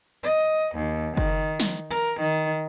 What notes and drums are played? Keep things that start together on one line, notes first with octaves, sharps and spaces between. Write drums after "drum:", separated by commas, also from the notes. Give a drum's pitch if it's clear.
D#5
D#2
D#3, drum: kick F#1
drum: snare
A#4
D#3